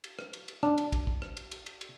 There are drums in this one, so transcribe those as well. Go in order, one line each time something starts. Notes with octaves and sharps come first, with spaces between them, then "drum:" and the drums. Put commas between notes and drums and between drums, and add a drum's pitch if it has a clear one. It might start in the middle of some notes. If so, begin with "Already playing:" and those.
drum: cymbal
drum: rim click
drum: cymbal
drum: cymbal
D4, drum: rim click
drum: cymbal
drum: kick, cymbal
drum: kick
drum: rim click
drum: cymbal
drum: cymbal
drum: cymbal
drum: cymbal